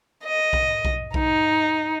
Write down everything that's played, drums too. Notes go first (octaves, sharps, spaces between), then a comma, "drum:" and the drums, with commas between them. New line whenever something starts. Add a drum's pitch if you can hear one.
D#5
drum: kick B1
drum: kick B1
D#4, drum: kick B1